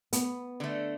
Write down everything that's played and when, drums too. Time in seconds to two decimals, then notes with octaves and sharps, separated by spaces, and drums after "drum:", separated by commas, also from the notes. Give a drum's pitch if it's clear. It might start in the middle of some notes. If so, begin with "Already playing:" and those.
0.13 B3, drum: hi-hat
0.60 D3 A3